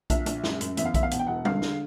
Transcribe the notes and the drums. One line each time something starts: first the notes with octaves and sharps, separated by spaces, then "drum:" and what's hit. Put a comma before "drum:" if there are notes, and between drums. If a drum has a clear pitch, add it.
A#1 E5, drum: kick B1, hi-hat
A#1, drum: hi-hat
F#2, drum: snare
F#2, drum: hi-hat
E2 E5, drum: hi-hat
F5
E2 E5, drum: kick B1, hi-hat
F5
B2 F#5, drum: hi-hat
G5
E1 F#5
D3 F5, drum: tom G3
D3, drum: snare